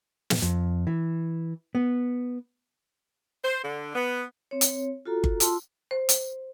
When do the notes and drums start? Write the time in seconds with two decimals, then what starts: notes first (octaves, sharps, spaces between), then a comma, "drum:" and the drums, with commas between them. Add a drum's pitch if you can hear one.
0.30 drum: snare
0.42 F2
0.87 E3
1.75 B3
3.45 C5
3.64 D3
3.95 B3
4.51 C4 C#5
4.61 drum: hi-hat
5.05 F4 F#4 A4 A#5
5.24 drum: kick G1
5.40 F4 A5 C6 E6, drum: hi-hat
5.91 C5
6.09 drum: hi-hat